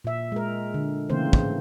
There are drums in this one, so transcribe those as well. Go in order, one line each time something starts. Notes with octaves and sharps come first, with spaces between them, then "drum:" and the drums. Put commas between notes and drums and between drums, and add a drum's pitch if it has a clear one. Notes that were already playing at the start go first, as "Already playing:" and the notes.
A#2 E5
G#3 A#4
D3
C#3 E3 A3 A#3 C4 C5
drum: kick